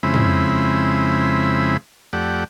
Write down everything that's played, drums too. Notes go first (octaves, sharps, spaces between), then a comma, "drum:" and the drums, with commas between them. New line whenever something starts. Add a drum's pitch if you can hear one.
F2 C#3 G#3 C4 E4 B5
drum: tom
F2 A3 G4 D5 F#5